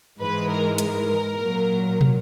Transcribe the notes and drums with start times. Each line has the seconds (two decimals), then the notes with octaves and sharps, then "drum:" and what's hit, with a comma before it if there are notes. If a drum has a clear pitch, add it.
0.20 G#2 E3 G#3 B4
0.49 A#4
0.78 A#4, drum: hi-hat
1.35 A#2 F#3
2.01 drum: tom